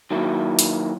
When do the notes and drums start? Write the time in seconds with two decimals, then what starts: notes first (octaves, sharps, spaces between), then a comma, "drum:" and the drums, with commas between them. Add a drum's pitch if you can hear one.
0.11 D#3 F#3 A#3 E4
0.59 drum: hi-hat